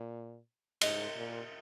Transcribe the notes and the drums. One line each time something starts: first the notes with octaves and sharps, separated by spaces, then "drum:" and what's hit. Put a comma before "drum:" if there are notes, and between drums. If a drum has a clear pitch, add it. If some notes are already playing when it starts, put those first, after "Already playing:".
Already playing: A#2
G#2 D#5, drum: cymbal
A#2